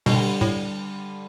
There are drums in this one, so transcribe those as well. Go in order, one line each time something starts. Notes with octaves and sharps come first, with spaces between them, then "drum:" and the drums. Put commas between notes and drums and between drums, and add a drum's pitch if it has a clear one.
G2 B2 D3 G3, drum: open hi-hat
A2